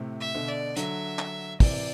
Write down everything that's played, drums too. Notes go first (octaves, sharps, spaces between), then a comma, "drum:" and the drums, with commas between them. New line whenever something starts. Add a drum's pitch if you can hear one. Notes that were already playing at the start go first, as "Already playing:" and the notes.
Already playing: A2 C3
E5
B2 D3
D5
D3 F#3 E5, drum: hi-hat
drum: clap
C3 E3 D5, drum: kick, open hi-hat